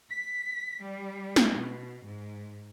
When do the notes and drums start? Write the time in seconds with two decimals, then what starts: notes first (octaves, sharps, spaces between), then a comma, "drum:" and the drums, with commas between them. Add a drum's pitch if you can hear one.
0.11 B6
0.85 G3
1.36 drum: snare
1.56 B2
2.06 G#2